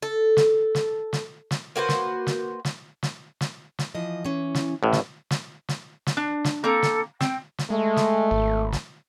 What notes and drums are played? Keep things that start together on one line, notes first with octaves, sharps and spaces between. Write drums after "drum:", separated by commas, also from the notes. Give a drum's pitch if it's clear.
A4
drum: snare
drum: snare
drum: snare
drum: snare
A#3 F#4 B4 C5
drum: snare
drum: snare
drum: snare
drum: snare
drum: snare
drum: snare
E3 F3 D#5
E3 C#4
drum: snare
A1 A2
drum: snare
drum: snare
drum: snare
drum: snare
D4
drum: snare
A#3 C4 A4 A#5
drum: snare
C4 G5, drum: snare
drum: snare
G#3 A3
drum: snare
G#1
drum: snare